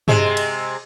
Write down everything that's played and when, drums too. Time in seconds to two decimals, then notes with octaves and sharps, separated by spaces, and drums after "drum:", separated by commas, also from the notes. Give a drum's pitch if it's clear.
0.08 C3 G#3, drum: tom G2
0.37 drum: cymbal